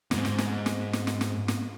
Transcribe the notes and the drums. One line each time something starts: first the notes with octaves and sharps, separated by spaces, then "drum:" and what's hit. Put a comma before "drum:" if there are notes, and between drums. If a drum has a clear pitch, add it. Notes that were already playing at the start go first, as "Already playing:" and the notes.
E2 G#2, drum: snare
drum: snare
drum: snare
drum: snare
drum: snare
drum: snare
drum: snare
drum: snare